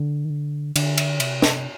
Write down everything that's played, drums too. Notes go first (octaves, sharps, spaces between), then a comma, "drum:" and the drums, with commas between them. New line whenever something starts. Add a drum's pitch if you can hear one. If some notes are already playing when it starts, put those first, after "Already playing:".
Already playing: D3
D#3
D3
D3, drum: cymbal
drum: cymbal
C3, drum: cymbal
drum: snare